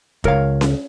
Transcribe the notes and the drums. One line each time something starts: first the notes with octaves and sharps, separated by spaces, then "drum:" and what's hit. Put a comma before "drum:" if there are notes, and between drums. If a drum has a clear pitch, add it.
C#2 A#4 C#5 F5, drum: kick
drum: snare C#4